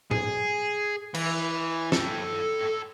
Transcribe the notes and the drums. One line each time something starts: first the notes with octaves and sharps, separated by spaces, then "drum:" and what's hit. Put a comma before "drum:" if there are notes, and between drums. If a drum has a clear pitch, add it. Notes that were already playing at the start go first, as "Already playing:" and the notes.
G#4, drum: tom A2
E3, drum: cymbal
A4 G5, drum: snare